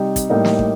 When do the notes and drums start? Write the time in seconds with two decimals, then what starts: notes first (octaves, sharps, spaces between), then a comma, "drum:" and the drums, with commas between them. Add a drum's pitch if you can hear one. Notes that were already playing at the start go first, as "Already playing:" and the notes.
Already playing: C3 G3 C4 D#4
0.16 drum: kick, hi-hat
0.30 A2 G3 A#3 D#4
0.45 drum: snare
0.59 drum: kick